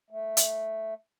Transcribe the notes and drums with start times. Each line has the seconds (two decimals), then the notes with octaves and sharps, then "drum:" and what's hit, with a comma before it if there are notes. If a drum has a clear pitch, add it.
0.11 A3
0.37 drum: hi-hat